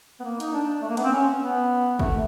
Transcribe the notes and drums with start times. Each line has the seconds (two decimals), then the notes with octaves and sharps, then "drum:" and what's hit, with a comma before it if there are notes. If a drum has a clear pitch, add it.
0.20 B3
0.25 A#3
0.40 D#4, drum: hi-hat
0.54 D4
0.82 A3
0.90 A#3
0.97 B3, drum: cymbal
1.04 C4
1.13 C#4
1.42 B3
1.99 A3, drum: kick